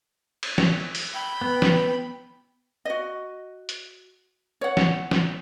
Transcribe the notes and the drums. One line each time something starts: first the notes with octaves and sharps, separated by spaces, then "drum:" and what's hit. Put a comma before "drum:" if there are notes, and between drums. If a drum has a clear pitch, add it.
drum: cymbal
drum: snare
drum: open hi-hat
G5 B5
B3
drum: snare
F#4 D#5
drum: hi-hat
C#5 F#5
drum: snare
drum: snare